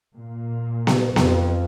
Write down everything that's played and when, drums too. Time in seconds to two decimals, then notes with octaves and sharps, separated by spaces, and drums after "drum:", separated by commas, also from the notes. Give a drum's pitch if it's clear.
0.15 A#2
0.87 drum: snare B3
1.16 F2, drum: snare B3